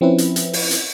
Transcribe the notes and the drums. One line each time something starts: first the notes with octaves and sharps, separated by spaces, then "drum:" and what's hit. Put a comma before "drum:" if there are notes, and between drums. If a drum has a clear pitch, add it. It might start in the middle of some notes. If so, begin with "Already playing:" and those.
F3 C4 C#4 E4 B4
drum: hi-hat
drum: hi-hat
drum: open hi-hat
drum: hi-hat